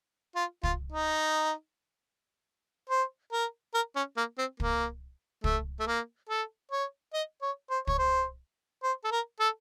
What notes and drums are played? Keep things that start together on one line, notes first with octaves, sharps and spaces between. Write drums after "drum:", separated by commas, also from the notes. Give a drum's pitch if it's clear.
F4
F4, drum: kick
D#4
C5
A#4
A#4
C#4
A#3
C4
A#3, drum: kick
A3, drum: kick
A3
A#3
A4
C#5
D#5
C#5
C5
C#5, drum: kick
C5
C5
A4
A#4
A4